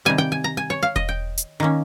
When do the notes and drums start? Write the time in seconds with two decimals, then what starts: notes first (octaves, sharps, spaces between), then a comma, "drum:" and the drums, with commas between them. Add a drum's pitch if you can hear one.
0.05 C3 D#3 G3 G#5
0.18 G5, drum: tom C4
0.32 G#5
0.44 A#5
0.57 G#5
0.70 C#5
0.83 F5
0.96 D#5, drum: kick E1
1.09 G5
1.38 drum: hi-hat
1.60 D#3 A#3 C#4